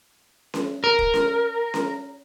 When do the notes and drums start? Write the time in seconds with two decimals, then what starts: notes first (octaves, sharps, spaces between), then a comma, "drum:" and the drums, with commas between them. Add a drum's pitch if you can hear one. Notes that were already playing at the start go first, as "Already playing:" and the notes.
0.54 drum: snare C#4
0.84 A#4
0.99 drum: kick E1
1.14 drum: snare C#4
1.74 drum: snare C#4